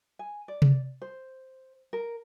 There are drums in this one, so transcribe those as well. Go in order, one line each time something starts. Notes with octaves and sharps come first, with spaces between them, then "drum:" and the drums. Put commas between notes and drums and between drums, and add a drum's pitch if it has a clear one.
G#5
D5
drum: tom C3
C5
A#4